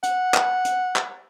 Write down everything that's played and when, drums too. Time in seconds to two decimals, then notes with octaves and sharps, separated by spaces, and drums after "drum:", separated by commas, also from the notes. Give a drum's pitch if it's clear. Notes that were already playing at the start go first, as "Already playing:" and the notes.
0.03 F#5, drum: hi-hat
0.34 drum: clap
0.65 drum: hi-hat
0.96 drum: clap